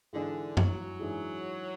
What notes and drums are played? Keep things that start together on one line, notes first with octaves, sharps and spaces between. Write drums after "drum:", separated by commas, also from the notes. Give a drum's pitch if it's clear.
G#2 D3 E3 G#3 D4 G#4
F#3, drum: tom F#2
G#2 E3 G#3 D4 G#4